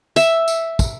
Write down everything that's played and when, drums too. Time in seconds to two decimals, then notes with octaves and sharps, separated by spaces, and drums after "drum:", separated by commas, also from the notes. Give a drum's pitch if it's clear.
0.16 E5, drum: tambourine
0.48 drum: tambourine
0.79 drum: kick, tambourine